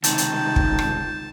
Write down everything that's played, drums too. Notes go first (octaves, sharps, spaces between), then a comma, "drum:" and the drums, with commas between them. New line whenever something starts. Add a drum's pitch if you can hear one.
C#2 C3 D#3 A5 G6, drum: hi-hat
drum: hi-hat
drum: kick
drum: rim click